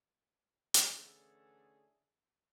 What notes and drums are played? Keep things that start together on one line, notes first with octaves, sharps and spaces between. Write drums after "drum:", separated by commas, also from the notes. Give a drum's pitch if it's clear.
drum: hi-hat
D3 E3 A3 C#4 G#4 A4